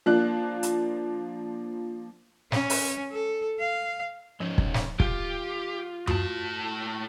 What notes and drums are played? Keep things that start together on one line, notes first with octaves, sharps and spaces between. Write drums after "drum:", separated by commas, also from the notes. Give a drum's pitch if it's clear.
F3 A#3 D4 F#6
drum: hi-hat
C#4, drum: snare
drum: open hi-hat
A4
F5
G#2 F3 C#4 D#4
drum: kick
drum: snare
F4 G4, drum: kick
A2 F#4 A5, drum: tom F#2